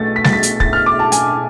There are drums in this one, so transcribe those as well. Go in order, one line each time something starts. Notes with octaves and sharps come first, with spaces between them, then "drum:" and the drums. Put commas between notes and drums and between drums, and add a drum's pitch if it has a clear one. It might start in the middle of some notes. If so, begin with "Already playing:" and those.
Already playing: B1 B2 A3 A6
B6
A6, drum: snare
B6
drum: hi-hat
A6, drum: kick
F6
D6
A5
G#5, drum: hi-hat